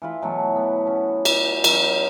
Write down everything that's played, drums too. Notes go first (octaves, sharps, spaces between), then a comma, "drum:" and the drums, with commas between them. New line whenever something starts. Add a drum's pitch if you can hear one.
E3 F4 B5
B2 E3 F#3 A3
B3
C#4
D5, drum: cymbal
F#3 C#4, drum: cymbal